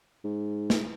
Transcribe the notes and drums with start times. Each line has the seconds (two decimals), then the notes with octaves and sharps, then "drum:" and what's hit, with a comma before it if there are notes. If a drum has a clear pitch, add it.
0.24 G#2
0.70 drum: snare